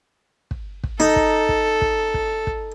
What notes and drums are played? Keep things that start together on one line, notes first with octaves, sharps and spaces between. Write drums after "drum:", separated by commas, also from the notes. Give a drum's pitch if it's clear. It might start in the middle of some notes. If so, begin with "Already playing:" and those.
drum: kick
drum: kick
D#4 A4
drum: kick
drum: kick
drum: kick
drum: kick
drum: kick